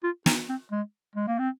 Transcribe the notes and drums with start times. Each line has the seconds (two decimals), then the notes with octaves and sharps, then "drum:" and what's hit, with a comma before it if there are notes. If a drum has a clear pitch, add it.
0.03 F4
0.26 D#4, drum: snare
0.49 C4
0.71 G#3
1.15 G#3
1.27 A#3
1.39 C4